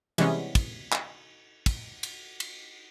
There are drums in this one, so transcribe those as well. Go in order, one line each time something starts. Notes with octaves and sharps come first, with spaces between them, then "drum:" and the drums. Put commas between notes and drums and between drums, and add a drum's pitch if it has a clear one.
C3 E3 G3 G#3 B3 C#4, drum: cymbal
drum: kick, cymbal
drum: clap
drum: kick, cymbal
drum: cymbal
drum: cymbal